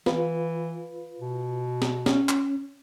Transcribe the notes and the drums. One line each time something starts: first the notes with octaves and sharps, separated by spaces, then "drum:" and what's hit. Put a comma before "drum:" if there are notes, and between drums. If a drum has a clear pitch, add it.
E3 F4 B4, drum: snare
B2
drum: snare
C#4, drum: snare
drum: clap